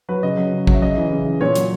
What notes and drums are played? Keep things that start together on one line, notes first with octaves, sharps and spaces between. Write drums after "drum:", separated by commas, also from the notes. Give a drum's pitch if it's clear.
F#3 B4
C#3 D#5
F#3
C#3
F#3, drum: kick A1
E5
C#3 D#5
E3
C#3
E3
A#2 C#5
F#3, drum: hi-hat